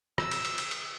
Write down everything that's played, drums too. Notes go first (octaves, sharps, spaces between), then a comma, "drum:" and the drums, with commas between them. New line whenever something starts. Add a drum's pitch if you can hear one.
E6, drum: rim click
drum: cymbal
drum: cymbal
drum: cymbal
drum: cymbal